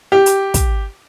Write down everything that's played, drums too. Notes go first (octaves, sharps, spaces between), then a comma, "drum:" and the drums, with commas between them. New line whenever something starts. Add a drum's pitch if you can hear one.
G4
drum: hi-hat
drum: kick, hi-hat